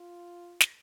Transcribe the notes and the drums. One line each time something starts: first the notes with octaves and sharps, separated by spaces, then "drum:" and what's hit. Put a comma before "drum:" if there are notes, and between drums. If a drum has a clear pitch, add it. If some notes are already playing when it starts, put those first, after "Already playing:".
Already playing: F4
drum: snare